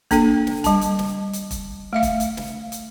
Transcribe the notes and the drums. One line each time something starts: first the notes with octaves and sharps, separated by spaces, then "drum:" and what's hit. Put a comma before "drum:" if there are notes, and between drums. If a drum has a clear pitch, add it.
A#3 D4 A4 G5, drum: kick F1, hi-hat
drum: snare
G3 A5, drum: kick F1, hi-hat
drum: hi-hat
drum: snare
drum: hi-hat
drum: kick F1, hi-hat
A3 E5 F5
drum: kick F1, hi-hat
drum: hi-hat
drum: snare
drum: hi-hat